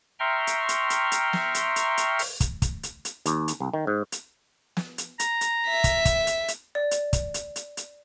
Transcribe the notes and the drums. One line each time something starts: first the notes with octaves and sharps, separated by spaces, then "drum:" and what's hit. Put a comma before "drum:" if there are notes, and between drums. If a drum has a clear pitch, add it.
E5 G5 A#5 C6 C#6 F6
drum: hi-hat
drum: hi-hat
drum: hi-hat
drum: hi-hat
drum: snare
drum: hi-hat
drum: hi-hat
drum: hi-hat
drum: open hi-hat
drum: kick, hi-hat
drum: kick, hi-hat
drum: hi-hat
drum: hi-hat
D#2, drum: hi-hat
drum: hi-hat
C2
D#3
G#2
drum: hi-hat
drum: snare
drum: hi-hat
A#5, drum: hi-hat
drum: hi-hat
E5 B6
drum: kick, hi-hat
drum: kick, hi-hat
drum: hi-hat
drum: hi-hat
D5
drum: hi-hat
drum: kick, hi-hat
drum: hi-hat
drum: hi-hat
drum: hi-hat